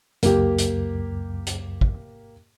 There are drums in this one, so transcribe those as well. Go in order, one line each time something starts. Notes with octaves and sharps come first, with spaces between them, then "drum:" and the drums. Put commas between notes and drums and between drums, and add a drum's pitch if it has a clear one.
C#2 F#2 A#3 G4, drum: hi-hat
drum: hi-hat
drum: hi-hat
drum: kick